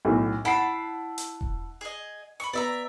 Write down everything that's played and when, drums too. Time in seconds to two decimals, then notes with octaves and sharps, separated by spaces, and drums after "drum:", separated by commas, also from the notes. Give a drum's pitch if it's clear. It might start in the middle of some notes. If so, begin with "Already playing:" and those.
0.05 B1 A2
0.45 E4 F#5 A5 B5 C7
1.18 drum: hi-hat
1.41 drum: kick E1
1.81 G#4 D#5
2.40 B5 C#6
2.53 B3 D5 E5 A#5